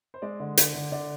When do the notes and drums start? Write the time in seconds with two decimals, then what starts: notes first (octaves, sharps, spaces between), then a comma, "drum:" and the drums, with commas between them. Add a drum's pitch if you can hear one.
0.14 C5
0.22 G#3 D5
0.40 D3
0.57 D4, drum: hi-hat
0.74 D3
0.92 D3 D5